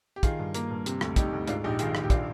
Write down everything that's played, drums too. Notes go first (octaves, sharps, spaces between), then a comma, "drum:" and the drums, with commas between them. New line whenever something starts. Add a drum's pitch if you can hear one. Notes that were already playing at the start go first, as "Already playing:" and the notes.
G4
D#3 F4 G#4, drum: kick, hi-hat
G2
A#3, drum: hi-hat
G2
C3, drum: hi-hat
D2, drum: rim click
G3 D#4 G4, drum: kick, hi-hat
D2
G#2 D4 F4, drum: hi-hat
A#1 D#4 G4
D#3 F4 G#4, drum: hi-hat
A#1, drum: rim click
G4
D4 F4, drum: kick, hi-hat